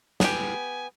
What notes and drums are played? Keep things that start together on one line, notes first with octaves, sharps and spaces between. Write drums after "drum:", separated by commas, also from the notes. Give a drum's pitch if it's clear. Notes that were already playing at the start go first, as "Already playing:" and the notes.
B3 G4 G#5, drum: snare